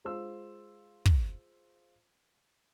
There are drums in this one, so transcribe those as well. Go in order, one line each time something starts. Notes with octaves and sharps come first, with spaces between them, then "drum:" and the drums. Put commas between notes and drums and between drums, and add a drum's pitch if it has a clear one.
G#3 F4 C5 C6 E6
drum: kick